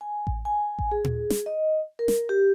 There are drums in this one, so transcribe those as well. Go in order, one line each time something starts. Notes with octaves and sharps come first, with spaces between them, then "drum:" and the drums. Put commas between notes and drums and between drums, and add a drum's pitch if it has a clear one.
G#5
drum: kick A1
G#5
drum: kick A1
G#4
drum: tom A#2
drum: snare
D#5
A#4
drum: snare
G4